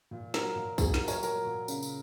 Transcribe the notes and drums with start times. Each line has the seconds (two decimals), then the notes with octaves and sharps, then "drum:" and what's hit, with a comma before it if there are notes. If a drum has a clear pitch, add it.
0.11 A#2
0.34 F#3 A#4, drum: snare
0.56 A#2
0.78 F#3 G#4, drum: kick, tambourine
0.94 A#4, drum: snare
1.00 A#2
1.08 A#4 C#5, drum: tambourine
1.23 F#3 A#4, drum: tambourine
1.45 A#2
1.68 C#3, drum: tambourine
1.83 drum: tambourine